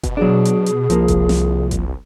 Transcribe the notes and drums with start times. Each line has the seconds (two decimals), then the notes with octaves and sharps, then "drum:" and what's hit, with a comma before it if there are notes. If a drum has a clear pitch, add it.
0.03 B2, drum: kick F#1, hi-hat
0.17 F#3 D4 G#4
0.45 drum: hi-hat
0.66 drum: hi-hat
0.90 C2 F3 A#3, drum: hi-hat
1.08 drum: kick F#1, hi-hat
1.29 drum: snare
1.71 drum: kick F#1, hi-hat